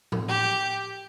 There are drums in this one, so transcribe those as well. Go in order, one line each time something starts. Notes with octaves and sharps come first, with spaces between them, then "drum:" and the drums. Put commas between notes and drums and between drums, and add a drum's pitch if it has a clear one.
drum: tom A2
G4